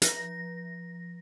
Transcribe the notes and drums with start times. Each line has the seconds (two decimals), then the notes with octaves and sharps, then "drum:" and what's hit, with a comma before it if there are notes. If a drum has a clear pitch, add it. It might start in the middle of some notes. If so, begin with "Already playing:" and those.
0.02 F3 A#6, drum: hi-hat